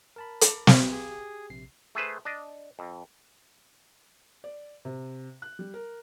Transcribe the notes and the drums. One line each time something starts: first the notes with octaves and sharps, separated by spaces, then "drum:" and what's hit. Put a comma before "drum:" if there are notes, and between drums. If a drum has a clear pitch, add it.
A#4 A5 B5
drum: hi-hat
drum: snare
G4 G#4
A#1 C3 C7
A3 G#4 B4 C5
D4 D#5
F2
D5
C3
F#6
G3
A#4